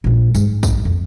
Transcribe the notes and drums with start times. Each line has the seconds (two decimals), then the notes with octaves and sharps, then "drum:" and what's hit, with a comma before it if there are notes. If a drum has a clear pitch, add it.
0.04 A#1 F4
0.35 G#2, drum: tambourine
0.63 drum: kick, tambourine
0.85 F2